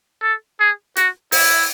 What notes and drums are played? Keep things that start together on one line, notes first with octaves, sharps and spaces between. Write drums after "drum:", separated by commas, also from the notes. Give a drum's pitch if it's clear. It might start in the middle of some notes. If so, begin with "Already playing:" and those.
A4
G#4
F#4, drum: hi-hat
E4, drum: open hi-hat